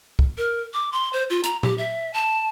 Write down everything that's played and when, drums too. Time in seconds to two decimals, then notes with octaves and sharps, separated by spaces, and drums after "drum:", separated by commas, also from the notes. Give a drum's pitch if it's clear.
0.19 drum: kick
0.38 A#4
0.74 D6
0.92 C6
1.13 C5
1.30 F4
1.44 A#5, drum: hi-hat
1.63 G4, drum: tom A#2
1.78 E5
2.14 A5